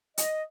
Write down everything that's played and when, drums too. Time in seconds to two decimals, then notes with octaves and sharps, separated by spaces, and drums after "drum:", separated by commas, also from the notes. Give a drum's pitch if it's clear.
0.18 D#5, drum: hi-hat